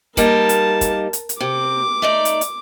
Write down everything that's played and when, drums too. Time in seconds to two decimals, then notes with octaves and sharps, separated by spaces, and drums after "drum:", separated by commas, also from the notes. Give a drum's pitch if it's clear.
0.17 G3 A#3 D#4 A#4 A5, drum: kick, hi-hat
0.49 drum: hi-hat
0.81 drum: kick, hi-hat
1.13 drum: hi-hat
1.29 drum: hi-hat
1.40 C3 D6
2.02 A3 D#4 D5
2.25 drum: hi-hat
2.41 drum: hi-hat